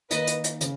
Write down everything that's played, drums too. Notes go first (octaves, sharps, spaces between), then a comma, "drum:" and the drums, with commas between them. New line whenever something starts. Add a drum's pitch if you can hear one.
D#3 A#3 D#4 B4 D#5, drum: hi-hat
drum: hi-hat
drum: hi-hat
C#3, drum: hi-hat